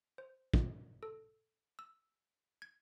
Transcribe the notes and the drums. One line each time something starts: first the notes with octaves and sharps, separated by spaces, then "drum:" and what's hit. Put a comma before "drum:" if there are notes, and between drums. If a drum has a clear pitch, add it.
C5
drum: kick
A4
E6
G#6